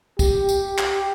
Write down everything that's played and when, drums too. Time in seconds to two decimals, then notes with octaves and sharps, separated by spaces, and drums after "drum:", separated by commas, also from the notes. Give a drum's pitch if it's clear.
0.19 G4, drum: kick C2, tambourine
0.49 drum: tambourine
0.78 drum: clap